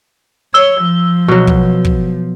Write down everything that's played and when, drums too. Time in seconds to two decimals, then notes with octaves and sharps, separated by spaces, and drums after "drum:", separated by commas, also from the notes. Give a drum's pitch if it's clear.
0.54 C#5 E6 G7
0.84 F3
1.28 B2 F#3
1.47 drum: kick
1.85 drum: kick